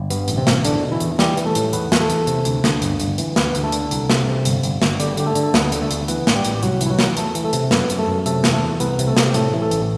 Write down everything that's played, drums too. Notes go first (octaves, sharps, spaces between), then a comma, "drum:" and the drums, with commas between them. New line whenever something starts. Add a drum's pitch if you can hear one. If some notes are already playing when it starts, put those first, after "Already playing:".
Already playing: G1
G2 B3, drum: hi-hat
A1, drum: hi-hat
C3 C4
A1, drum: snare
E2 D3 D4, drum: hi-hat
B2
E3 E4
E2, drum: hi-hat
E3 G3 G4, drum: snare
E3, drum: hi-hat
A3 A4
A2, drum: hi-hat
E2 B3 B4, drum: hi-hat
E2, drum: snare
A3 A4
E2, drum: hi-hat
C3, drum: hi-hat
D2, drum: hi-hat
D2, drum: snare
G1, drum: hi-hat
G1, drum: hi-hat
E3, drum: hi-hat
D2 B3 B4, drum: snare
D2, drum: hi-hat
A3 A4
D3, drum: hi-hat
C2, drum: hi-hat
C3, drum: snare
C3
G1, drum: hi-hat
G1, drum: hi-hat
G1, drum: snare
D3 G3 G4, drum: hi-hat
D3 G4, drum: hi-hat
A3 A4
D3, drum: hi-hat
A4
D2 B3 B4, drum: snare
D3, drum: hi-hat
A3 A4
D2, drum: hi-hat
E3 B3 B4, drum: hi-hat
A1, drum: snare
G3 G4
A1, drum: hi-hat
G4
C2 F#3 F#4, drum: hi-hat
E3, drum: hi-hat
E4
F#3 F#4
E3, drum: snare
E2 A3 A4, drum: hi-hat
E3, drum: hi-hat
A3 A4
C3, drum: hi-hat
F#2 B3 B4, drum: snare
F#2, drum: hi-hat
A3 A4
F#2
C3 A3 A4, drum: hi-hat
E2, drum: snare
A3 A4
E2
C2 B3 B4, drum: hi-hat
C3, drum: hi-hat
A3 A4
C3, drum: snare
G4
A2 A3 A4, drum: hi-hat
E3
A3 A4
A1, drum: hi-hat